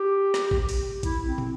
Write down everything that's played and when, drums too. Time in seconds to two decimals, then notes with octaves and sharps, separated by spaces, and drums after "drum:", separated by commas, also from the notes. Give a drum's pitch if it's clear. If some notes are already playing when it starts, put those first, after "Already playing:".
Already playing: G4
0.34 drum: snare
0.51 drum: kick
0.69 drum: open hi-hat
1.03 E4, drum: kick, hi-hat
1.27 C4
1.38 drum: tom